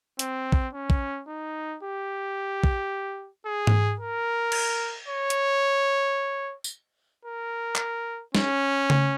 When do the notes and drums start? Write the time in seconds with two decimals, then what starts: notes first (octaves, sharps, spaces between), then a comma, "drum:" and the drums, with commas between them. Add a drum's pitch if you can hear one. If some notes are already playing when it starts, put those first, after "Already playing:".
0.19 C4, drum: hi-hat
0.52 drum: kick A#1
0.73 C#4
0.90 drum: kick A#1
1.28 D#4
1.83 G4
2.64 drum: kick A#1
3.46 G#4
3.67 drum: tom G#2
4.00 A#4
4.52 drum: cymbal
5.08 C#5
5.30 drum: hi-hat
6.64 drum: tambourine
7.25 A#4
7.75 drum: clap
8.35 C#4, drum: snare
8.90 drum: tom C#3